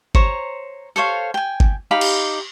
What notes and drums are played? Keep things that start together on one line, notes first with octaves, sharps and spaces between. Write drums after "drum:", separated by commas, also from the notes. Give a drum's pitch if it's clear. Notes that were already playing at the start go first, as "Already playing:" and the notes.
C5 C#5 A#5, drum: kick G1
A4 C5 C#5 F5
G5 G#5
drum: kick G1
D#4 G4 F5 B5
drum: cymbal